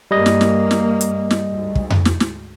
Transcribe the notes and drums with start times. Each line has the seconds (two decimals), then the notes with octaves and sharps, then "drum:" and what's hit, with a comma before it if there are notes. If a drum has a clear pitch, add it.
0.11 G2 G3 A#3 D#5
0.26 drum: snare
0.41 drum: snare
0.71 drum: snare
1.01 drum: hi-hat
1.31 drum: snare
1.52 D2 G#2
1.75 drum: kick
1.90 drum: tom F2
2.05 drum: snare
2.20 drum: snare